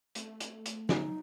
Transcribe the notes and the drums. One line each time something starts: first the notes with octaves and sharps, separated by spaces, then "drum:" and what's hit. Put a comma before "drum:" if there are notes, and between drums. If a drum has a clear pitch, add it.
A3, drum: hi-hat
drum: hi-hat
drum: hi-hat
D3 G#3 B3 D#4, drum: snare